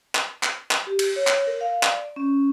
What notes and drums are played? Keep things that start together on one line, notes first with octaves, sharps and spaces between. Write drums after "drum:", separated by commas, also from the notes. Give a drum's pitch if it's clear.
drum: clap
drum: clap
drum: clap
G4
drum: cymbal
C#5
drum: clap
A#4
F5
D5, drum: clap
C#4